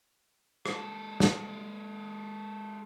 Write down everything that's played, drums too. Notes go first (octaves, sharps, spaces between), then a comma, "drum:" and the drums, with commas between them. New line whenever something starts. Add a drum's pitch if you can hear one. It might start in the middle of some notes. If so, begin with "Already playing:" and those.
G#3 A4, drum: rim click
drum: snare